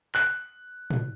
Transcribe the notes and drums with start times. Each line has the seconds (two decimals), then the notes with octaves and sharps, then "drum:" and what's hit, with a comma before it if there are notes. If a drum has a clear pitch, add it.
0.15 F#6, drum: clap
0.90 drum: tom